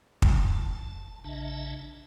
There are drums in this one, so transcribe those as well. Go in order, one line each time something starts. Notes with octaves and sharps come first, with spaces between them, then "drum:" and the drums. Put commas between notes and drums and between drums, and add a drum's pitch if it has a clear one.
A5, drum: kick
A#1 C#3 D4 D#5 E5 A5